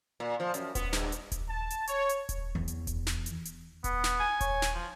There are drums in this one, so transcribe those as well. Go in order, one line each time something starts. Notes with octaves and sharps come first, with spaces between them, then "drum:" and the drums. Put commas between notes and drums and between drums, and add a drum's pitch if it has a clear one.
A#2
F3
F#2, drum: hi-hat
B3, drum: kick D#1, hi-hat
G2, drum: snare
drum: hi-hat
drum: kick D#1, hi-hat
A5
drum: hi-hat
C#5, drum: hi-hat
drum: hi-hat
drum: kick D#1, hi-hat
E2
drum: hi-hat
drum: kick D#1, hi-hat
drum: snare
drum: hi-hat
drum: hi-hat
B3, drum: kick D#1, hi-hat
drum: snare
G#5
C#5, drum: kick D#1, hi-hat
drum: snare
F3